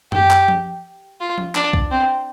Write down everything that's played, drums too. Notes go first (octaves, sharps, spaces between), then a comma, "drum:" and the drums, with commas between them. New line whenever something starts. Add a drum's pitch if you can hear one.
G4, drum: tom F#2
drum: clap
drum: tom F3
F4
drum: tom F3
D4, drum: clap
drum: kick A#1
C4